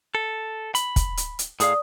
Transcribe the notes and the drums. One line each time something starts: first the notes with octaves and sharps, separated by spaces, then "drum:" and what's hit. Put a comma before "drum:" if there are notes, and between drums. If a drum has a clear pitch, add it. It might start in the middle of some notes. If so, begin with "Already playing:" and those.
A4
B5, drum: hi-hat
drum: kick, hi-hat
drum: hi-hat
drum: hi-hat
A2 G#4 D5 F5 D#6, drum: hi-hat